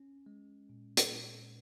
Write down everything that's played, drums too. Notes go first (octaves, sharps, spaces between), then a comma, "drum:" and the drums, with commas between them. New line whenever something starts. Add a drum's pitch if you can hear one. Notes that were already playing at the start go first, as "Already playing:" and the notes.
Already playing: C#4
G#3
A#2
drum: hi-hat
A#2